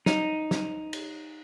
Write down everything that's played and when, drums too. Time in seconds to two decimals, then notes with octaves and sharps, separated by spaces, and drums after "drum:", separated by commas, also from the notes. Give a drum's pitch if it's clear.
0.06 D#4, drum: snare
0.51 drum: snare
0.93 drum: cymbal